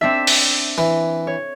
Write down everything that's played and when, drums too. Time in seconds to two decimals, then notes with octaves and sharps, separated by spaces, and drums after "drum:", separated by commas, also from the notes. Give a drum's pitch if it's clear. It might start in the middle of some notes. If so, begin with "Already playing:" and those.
0.01 C4 D4 E5
0.27 drum: open hi-hat
0.78 E3
1.27 C#5